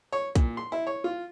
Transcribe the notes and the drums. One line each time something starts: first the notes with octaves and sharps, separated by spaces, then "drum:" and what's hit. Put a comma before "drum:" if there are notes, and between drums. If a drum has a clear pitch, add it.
C#5
A#2, drum: kick, hi-hat
C6
E4
C#5
F4